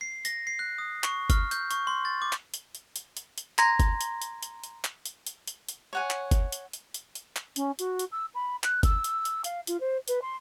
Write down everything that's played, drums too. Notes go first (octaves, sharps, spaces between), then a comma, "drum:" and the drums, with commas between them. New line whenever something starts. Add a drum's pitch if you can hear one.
C7
A#6, drum: hi-hat
C7
F#6
D#6
C#6, drum: clap
F6, drum: kick F#1, hi-hat
G6, drum: hi-hat
C#6, drum: hi-hat
C6
A6
D6
drum: clap
drum: hi-hat
drum: hi-hat
drum: hi-hat
drum: hi-hat
drum: hi-hat
A#5 C6 G#6 A#6, drum: clap
drum: kick F#1, hi-hat
drum: hi-hat
drum: hi-hat
drum: hi-hat
drum: hi-hat
drum: clap
drum: hi-hat
drum: hi-hat
drum: hi-hat
drum: hi-hat
C#5 F#5 G#5
drum: clap
drum: kick F#1, hi-hat
drum: hi-hat
drum: hi-hat
drum: hi-hat
drum: hi-hat
drum: clap
C#4, drum: hi-hat
F#4, drum: hi-hat
drum: hi-hat
E6
B5
F#6, drum: clap
E6, drum: kick F#1, hi-hat
drum: hi-hat
drum: hi-hat
F5, drum: hi-hat
F4, drum: hi-hat
C5
B4, drum: hi-hat
C6